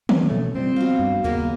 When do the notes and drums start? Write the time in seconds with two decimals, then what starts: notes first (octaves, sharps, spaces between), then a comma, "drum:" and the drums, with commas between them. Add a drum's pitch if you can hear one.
0.09 B3, drum: tom
0.28 B2 A3 C#4
0.55 F3 G3 C4
0.76 B2 F5
0.99 G2
1.24 D#2 C#3 F#3 A#3 B3